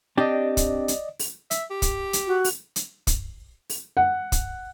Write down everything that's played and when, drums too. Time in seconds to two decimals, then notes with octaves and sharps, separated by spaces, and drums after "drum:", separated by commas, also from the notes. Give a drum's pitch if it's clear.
0.17 C4 D4 G4 D5 D#5
0.57 drum: kick, hi-hat
0.88 drum: hi-hat
1.19 drum: open hi-hat
1.51 E5, drum: hi-hat
1.71 G4
1.82 drum: kick, hi-hat
2.13 drum: hi-hat
2.27 F#4
2.44 drum: open hi-hat
2.76 drum: hi-hat
3.07 drum: kick, hi-hat
3.69 drum: open hi-hat
3.97 F#5
4.32 drum: kick, hi-hat